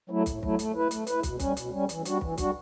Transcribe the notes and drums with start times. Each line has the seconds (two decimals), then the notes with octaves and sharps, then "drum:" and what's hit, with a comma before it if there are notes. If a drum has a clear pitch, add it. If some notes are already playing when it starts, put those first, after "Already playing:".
0.10 F#3 A3 E4
0.26 A2, drum: kick, hi-hat
0.43 F#3 A3 E4, drum: kick
0.59 A3, drum: hi-hat
0.74 E4 B4
0.91 A3, drum: hi-hat
1.07 E4 B4, drum: hi-hat
1.23 B2, drum: kick, hi-hat
1.40 G3 C#4, drum: kick, hi-hat
1.57 B2, drum: hi-hat
1.72 G3 C#4
1.89 E3, drum: hi-hat
2.05 G3 D4 F#4, drum: hi-hat
2.21 E3, drum: kick
2.38 G3 D4 F#4, drum: kick, hi-hat